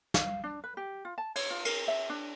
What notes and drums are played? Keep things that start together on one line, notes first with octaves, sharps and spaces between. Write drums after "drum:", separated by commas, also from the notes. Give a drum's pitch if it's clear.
F5, drum: snare
D4
B4
G4
F4
A5
C#5, drum: cymbal
F4
A#4, drum: cymbal
E5
D4